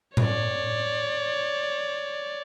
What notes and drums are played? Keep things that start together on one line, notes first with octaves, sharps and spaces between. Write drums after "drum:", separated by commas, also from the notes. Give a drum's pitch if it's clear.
C#5 D5, drum: tom A2